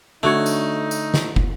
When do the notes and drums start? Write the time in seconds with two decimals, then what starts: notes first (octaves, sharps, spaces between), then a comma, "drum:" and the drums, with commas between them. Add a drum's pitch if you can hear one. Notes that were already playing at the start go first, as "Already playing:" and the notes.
0.23 D3 A3 D#4 F#4 C#5
0.46 drum: tambourine
0.91 drum: tambourine
1.14 drum: snare
1.36 drum: kick